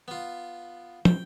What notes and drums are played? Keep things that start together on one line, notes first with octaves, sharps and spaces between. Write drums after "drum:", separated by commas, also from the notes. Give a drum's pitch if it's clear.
B3 F4
G5, drum: tom